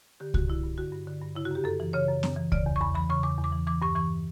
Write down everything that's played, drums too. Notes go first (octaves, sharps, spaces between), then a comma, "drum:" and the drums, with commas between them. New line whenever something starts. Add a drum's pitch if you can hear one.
D3 G4
G2 F#4, drum: kick C2
D3 E4
G2
D3 F#4
G2
D3
G2
C#3 E4
F#4
F#2
G4
F#2 A4
E3
C#3 C#5
F#2
F#2, drum: snare
E3
C#3 D5, drum: kick C2
E2
C#6
E2 B5
E3 B5
C#3 C#6
E2 D6
E2
D6
E3
E3 D6
G2 C#6
E3 C#6